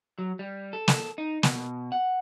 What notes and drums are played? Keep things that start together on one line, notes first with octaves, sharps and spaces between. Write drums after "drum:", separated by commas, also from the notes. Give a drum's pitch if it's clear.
F#3
G3
A4
drum: snare
D#4
B2, drum: snare
F#5